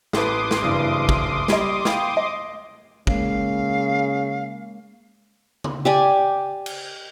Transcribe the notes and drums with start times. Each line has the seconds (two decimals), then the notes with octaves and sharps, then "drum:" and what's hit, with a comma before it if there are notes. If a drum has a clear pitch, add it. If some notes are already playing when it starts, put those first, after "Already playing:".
0.13 A1 A4 B4 C6 D6 D#6, drum: snare
0.51 drum: snare
0.62 F#1 G2 E3
1.09 drum: kick
1.48 G3 D#5, drum: snare
1.85 F5 G5 B5, drum: snare
2.17 D#5
3.07 C#3 G#3 A#3 C#4 F5, drum: kick
5.64 drum: tom C#3
5.85 G4 D5 G#5
6.66 drum: cymbal